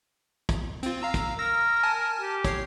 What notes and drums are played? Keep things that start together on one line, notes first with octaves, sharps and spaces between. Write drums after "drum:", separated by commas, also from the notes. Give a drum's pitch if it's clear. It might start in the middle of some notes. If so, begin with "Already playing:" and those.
drum: kick, hi-hat
C4 F4, drum: hi-hat
F5 A#5 E6
drum: kick, hi-hat
A#4 E6 A#6
G#5 A5
G4
C#5 C7, drum: kick, hi-hat